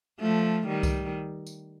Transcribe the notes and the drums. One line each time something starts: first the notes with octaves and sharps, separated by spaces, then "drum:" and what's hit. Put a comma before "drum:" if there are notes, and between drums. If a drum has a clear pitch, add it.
F3 A3
D#3 G3
drum: kick C2, tambourine
drum: tambourine